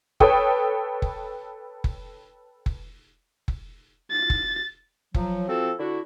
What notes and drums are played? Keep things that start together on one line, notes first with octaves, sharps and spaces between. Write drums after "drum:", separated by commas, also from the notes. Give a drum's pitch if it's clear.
A4 B4 C#5 G5 D#6, drum: kick F#1
drum: kick F#1
drum: kick F#1
drum: kick F#1
drum: kick F#1
A6
drum: kick F#1
F3 F#3, drum: kick F#1
F3 C4 F#4 A4
D3 E4 F#4